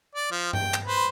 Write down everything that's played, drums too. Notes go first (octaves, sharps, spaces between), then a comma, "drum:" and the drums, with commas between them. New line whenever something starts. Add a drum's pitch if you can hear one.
D5
F3
G5, drum: tom G2
drum: clap
B4 C5